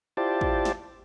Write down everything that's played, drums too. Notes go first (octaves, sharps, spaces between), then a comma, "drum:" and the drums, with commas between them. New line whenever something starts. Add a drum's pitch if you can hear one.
E4 F4 G4 C5 D5 A5
drum: kick
drum: snare